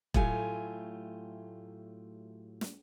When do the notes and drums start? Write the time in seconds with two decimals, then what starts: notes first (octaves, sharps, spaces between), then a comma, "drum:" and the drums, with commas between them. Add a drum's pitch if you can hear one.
0.14 A2 F#3 A3 F4 G4 G#5, drum: kick E1
2.61 drum: snare